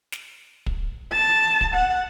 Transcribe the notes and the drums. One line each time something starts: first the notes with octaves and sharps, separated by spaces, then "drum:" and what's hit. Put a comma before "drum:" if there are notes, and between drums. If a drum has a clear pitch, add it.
drum: snare
drum: kick
A5
drum: kick
F#5